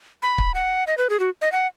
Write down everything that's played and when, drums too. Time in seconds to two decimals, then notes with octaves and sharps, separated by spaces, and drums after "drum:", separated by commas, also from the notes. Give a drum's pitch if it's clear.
0.22 B5
0.38 drum: kick
0.54 F#5
0.87 D#5
0.98 B4
1.10 G#4
1.20 F#4
1.42 D#5
1.52 F#5